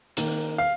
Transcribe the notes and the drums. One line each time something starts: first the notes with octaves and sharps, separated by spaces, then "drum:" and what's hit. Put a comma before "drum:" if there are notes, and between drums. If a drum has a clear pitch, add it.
D#3 A#3, drum: hi-hat
F5